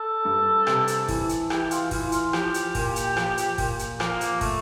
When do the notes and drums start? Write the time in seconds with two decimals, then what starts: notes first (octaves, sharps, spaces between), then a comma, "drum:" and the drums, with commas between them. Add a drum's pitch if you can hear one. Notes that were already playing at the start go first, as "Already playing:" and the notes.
Already playing: A4
0.25 G2
0.67 C3, drum: rim click
0.88 drum: hi-hat
1.08 E3, drum: kick, open hi-hat
1.29 drum: hi-hat
1.50 E3 G4, drum: rim click
1.71 F4, drum: hi-hat
1.91 E3 F4, drum: kick, open hi-hat
2.12 F4, drum: hi-hat
2.33 F3 G4, drum: rim click
2.54 drum: hi-hat
2.75 A#2, drum: kick, open hi-hat
2.96 drum: hi-hat
3.17 F3, drum: rim click
3.38 drum: hi-hat
3.58 A#2, drum: kick, open hi-hat
3.79 drum: hi-hat
4.00 F3 A#3, drum: rim click
4.21 drum: hi-hat
4.41 A3, drum: kick, open hi-hat